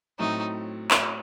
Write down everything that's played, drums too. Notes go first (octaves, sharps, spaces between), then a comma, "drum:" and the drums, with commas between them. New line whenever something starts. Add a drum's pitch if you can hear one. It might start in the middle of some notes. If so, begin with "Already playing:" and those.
A2 F#3 A3 C4 D#4
drum: clap